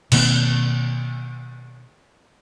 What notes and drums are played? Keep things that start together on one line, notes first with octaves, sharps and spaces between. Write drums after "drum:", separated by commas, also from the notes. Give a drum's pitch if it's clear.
B2 D#3 A#3 C4, drum: cymbal